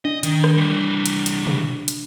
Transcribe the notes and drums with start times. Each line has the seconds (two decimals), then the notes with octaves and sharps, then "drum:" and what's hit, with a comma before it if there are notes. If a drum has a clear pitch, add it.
0.05 D4 D#5
0.23 D#3, drum: hi-hat
0.44 drum: rim click
0.57 E3 G3
1.06 drum: hi-hat
1.26 drum: hi-hat
1.47 drum: tom B2
1.88 drum: hi-hat